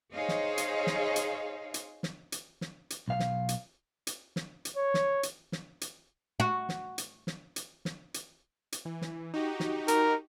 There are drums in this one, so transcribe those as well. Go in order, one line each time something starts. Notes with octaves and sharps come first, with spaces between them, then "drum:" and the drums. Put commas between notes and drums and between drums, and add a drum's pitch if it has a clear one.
D#4 G#4 C5 C#5 D#5 F5
drum: snare
drum: hi-hat
drum: snare
drum: hi-hat
drum: hi-hat
drum: snare
drum: hi-hat
drum: snare
drum: hi-hat
B1 F5
drum: snare
drum: hi-hat
drum: hi-hat
drum: snare
drum: hi-hat
C#5
drum: snare
drum: hi-hat
drum: snare
drum: hi-hat
F#4
drum: snare
drum: hi-hat
drum: snare
drum: hi-hat
drum: snare
drum: hi-hat
drum: hi-hat
E3
drum: snare
D#4 F#4 G4
drum: snare
A#4, drum: hi-hat